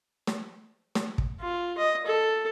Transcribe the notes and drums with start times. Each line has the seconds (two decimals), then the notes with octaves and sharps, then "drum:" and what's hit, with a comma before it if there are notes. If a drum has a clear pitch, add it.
0.27 drum: snare
0.95 drum: snare
1.18 drum: kick
1.41 F4
1.77 D#5
2.06 A4